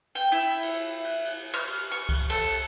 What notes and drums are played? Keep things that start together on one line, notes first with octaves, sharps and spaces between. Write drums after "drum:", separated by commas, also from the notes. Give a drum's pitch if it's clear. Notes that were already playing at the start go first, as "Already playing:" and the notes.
G5
E4
drum: cymbal
drum: cymbal
drum: cymbal
F6
drum: cymbal
C#6
drum: kick C2, cymbal
A4, drum: cymbal
drum: cymbal